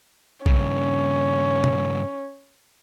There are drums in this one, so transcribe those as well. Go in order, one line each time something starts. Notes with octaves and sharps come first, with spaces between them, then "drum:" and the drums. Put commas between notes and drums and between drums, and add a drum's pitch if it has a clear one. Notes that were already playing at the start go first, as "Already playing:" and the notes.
G2 C#3 C#4, drum: kick
drum: tom B2